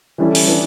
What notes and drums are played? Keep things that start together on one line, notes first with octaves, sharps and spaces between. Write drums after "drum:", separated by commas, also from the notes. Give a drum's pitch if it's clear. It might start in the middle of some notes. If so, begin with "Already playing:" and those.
E3 G3 C#4 E4 A4
drum: open hi-hat
E3 B3 D4